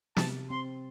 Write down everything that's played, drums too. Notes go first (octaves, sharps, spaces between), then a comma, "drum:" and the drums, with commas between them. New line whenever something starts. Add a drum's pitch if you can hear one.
C3 A5, drum: snare
C4 C6